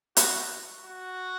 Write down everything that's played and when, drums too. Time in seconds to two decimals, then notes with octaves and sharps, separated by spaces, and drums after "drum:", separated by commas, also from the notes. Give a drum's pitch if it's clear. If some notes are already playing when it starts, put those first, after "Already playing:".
0.17 F#4, drum: hi-hat
0.85 F#4